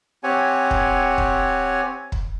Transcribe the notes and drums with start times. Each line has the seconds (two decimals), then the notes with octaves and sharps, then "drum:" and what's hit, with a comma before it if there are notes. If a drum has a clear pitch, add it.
0.24 C4 G4 C#5 F#5 G#5
0.71 drum: kick
1.18 drum: kick
2.12 drum: kick